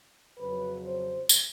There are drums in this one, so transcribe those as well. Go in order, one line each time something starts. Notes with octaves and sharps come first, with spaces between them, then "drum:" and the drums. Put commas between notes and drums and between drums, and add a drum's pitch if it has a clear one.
F2 C#3 F#3 B4
C5
drum: tambourine